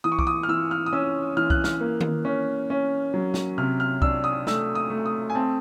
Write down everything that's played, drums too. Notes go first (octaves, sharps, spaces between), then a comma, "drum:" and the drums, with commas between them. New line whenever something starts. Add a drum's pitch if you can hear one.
E3 D#6
C#6
D6, drum: kick C2
D#6
F6
E3 E6
F6
D#6
C#4 E6
E3 F6
F#6, drum: kick C2
F6, drum: snare
A#3
drum: tom D#3
C#4
C#4
F#3
drum: snare
C3 F6
F6
D4 E6, drum: kick C2
D#6
A3 E6, drum: snare
D#6
A3
D#6
G#5
C4 A5